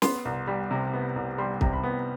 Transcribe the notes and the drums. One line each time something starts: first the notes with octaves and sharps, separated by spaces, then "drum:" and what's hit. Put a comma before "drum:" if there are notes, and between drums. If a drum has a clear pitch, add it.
B3 C6, drum: snare
C2
G3
C3
B3
C2
G3 C6
C3, drum: kick
B5
B3